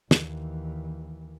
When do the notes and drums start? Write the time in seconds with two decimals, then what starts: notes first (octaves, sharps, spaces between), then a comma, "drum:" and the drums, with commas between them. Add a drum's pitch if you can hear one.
0.11 D#2 E3, drum: snare